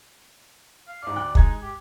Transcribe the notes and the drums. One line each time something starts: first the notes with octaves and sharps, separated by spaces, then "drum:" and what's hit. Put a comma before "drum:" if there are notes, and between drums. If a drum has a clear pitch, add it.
F5
G#2 D5 C7
D2 G5 F#6
G#3 D#4 G#6, drum: kick
G4